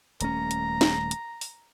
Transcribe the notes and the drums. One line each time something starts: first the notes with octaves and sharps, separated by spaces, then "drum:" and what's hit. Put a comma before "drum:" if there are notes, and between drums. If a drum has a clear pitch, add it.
D#1 A3 C#4 A#5, drum: hi-hat
drum: hi-hat
drum: snare
drum: hi-hat
drum: open hi-hat